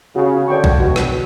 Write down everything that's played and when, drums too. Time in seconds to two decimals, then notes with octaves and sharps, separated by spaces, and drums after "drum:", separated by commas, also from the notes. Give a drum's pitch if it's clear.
0.15 C#3 F#4
0.48 D3 C#5 G5 C#6
0.64 drum: kick B1
0.80 B2 F#4
0.96 drum: rim click